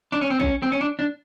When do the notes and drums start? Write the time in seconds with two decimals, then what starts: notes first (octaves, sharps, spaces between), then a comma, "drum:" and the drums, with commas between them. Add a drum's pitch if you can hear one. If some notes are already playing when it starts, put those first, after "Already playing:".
0.12 D4
0.21 C#4
0.30 C4
0.40 C#4, drum: kick
0.62 C4
0.72 C#4
0.81 D4
0.99 D4